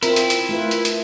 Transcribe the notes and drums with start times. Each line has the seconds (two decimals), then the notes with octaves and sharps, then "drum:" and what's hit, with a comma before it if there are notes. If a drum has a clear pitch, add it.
0.03 C4 E4 F4 A#4, drum: hi-hat
0.16 drum: hi-hat
0.30 drum: hi-hat
0.49 A3 F4 B4
0.71 drum: hi-hat
0.85 drum: hi-hat